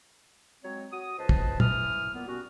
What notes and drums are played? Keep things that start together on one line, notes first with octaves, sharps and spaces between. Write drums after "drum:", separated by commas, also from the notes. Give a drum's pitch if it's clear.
F#3 G#3 C4 C#5
F#4 D#6
C#2 B4 C5 D#5 A5
drum: kick
E3 D#6 F6, drum: tom
A#2 A#3 B3
G3 B3 C#4 F#4